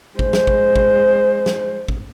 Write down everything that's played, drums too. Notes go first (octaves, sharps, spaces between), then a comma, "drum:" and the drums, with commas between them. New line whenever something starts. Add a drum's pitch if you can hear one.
G#3 C5, drum: kick
drum: snare
drum: kick
drum: kick
drum: snare
drum: kick